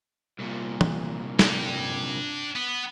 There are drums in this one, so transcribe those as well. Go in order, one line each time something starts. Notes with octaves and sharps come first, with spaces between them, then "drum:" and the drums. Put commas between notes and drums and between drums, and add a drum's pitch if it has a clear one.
C2 A#2
drum: tom
D4 G5, drum: snare
B3